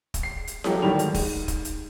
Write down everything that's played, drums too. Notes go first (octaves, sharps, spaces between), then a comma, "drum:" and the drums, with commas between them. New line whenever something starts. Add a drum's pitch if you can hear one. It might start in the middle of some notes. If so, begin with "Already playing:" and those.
drum: kick, hi-hat
C7
drum: hi-hat
F#3 G4 A4, drum: snare E4
D2 D#3 F#3 G3 F7
G#2, drum: hi-hat
drum: kick, open hi-hat
drum: kick, hi-hat
drum: hi-hat